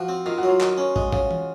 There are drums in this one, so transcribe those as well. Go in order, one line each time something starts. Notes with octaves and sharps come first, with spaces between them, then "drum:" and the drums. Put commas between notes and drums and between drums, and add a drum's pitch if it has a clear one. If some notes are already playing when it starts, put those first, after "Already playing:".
Already playing: F3 F#4
C4
D#3 F4
F#4
F#3
F4
D#3, drum: clap
C#4
G#3, drum: kick
C#3, drum: kick
drum: tom E3